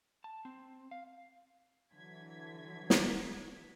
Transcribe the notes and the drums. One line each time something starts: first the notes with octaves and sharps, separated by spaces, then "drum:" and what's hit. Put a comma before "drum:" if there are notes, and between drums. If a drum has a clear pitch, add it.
A5
C4
F5
D3 E3 F#3 G#6 B6
drum: snare